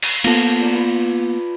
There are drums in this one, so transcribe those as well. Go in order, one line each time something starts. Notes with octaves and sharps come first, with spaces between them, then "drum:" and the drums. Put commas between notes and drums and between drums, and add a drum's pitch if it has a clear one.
drum: cymbal
A#3 B3 F4 A4 C5, drum: cymbal
D5 A#5
B4